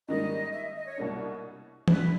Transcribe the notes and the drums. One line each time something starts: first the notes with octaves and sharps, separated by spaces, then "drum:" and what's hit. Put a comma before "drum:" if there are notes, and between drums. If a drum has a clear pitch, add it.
G#2 D#3 G3 A#3 D#5
E5
D#5
D#5
C#5
C2 B2 G3 A#3 D4
G2 D3 G3 C4 E4 B4, drum: tom E3